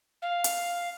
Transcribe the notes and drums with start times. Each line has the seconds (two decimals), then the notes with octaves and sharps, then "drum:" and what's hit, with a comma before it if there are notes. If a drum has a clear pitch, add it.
0.22 F5
0.44 drum: hi-hat